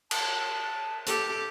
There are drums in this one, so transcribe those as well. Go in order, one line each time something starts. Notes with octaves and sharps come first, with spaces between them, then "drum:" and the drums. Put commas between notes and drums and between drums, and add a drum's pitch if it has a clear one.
A5, drum: cymbal
G4 A4, drum: hi-hat